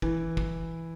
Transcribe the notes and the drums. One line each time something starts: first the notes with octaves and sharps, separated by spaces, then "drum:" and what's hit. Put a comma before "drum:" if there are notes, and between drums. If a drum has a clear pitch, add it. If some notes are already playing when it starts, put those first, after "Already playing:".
E3, drum: kick
drum: kick